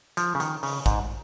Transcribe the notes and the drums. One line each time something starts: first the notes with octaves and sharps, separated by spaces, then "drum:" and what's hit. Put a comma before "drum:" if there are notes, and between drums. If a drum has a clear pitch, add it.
F3, drum: hi-hat
C#3
D#3, drum: hi-hat
C#3, drum: open hi-hat
G#2, drum: kick, hi-hat